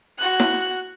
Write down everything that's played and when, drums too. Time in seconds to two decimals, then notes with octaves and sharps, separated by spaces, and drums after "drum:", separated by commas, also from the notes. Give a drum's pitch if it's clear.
0.19 F#4 F#6
0.40 drum: snare E4